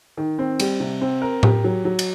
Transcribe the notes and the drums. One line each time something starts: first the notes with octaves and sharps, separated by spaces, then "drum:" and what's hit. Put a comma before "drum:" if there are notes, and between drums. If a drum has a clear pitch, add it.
D#3
C4
G3, drum: cymbal
C3
C4
A#4
G4, drum: tom A2
F#3
F#3
drum: cymbal